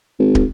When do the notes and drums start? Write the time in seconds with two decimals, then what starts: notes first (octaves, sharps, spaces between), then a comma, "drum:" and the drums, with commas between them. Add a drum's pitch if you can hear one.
0.19 G#1
0.35 drum: kick